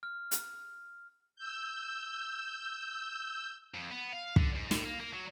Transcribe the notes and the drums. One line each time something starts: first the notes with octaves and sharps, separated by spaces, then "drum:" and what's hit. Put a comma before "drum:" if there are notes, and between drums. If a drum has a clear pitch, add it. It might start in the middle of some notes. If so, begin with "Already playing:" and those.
F6
drum: hi-hat
E6 G6
F2
B3
F5
D3, drum: kick
G#2
A2, drum: snare
A#3
A#3
F#3